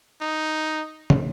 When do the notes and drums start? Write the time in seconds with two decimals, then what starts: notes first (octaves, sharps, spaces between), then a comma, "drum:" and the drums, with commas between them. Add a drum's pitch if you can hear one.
0.21 D#4
1.10 drum: tom